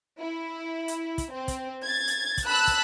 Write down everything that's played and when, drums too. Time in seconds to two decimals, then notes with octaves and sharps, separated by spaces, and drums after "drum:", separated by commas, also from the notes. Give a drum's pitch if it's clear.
0.18 E4
0.88 drum: hi-hat
1.18 drum: kick, hi-hat
1.33 C4
1.48 drum: kick, hi-hat
1.83 G#6 A6
2.08 drum: hi-hat
2.38 drum: kick, hi-hat
2.47 A5 B5 E6 F#6
2.67 drum: kick, hi-hat